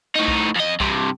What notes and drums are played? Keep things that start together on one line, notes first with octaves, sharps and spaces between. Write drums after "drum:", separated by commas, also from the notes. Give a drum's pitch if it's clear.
A2 D#4
drum: kick B1
F2 D#5
G2 C3, drum: kick B1